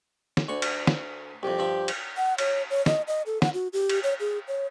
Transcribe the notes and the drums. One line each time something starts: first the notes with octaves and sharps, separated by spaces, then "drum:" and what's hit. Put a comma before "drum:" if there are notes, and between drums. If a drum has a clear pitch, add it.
drum: snare
D2 D3 C#6
drum: cymbal
drum: snare
C2 F2 G4
G2 F3 E5
drum: cymbal
F#5
C#5, drum: cymbal
C#5
D#5, drum: snare
D#5
A4
F#5, drum: snare
F#4
G4
drum: cymbal
C#5
G#4
C#5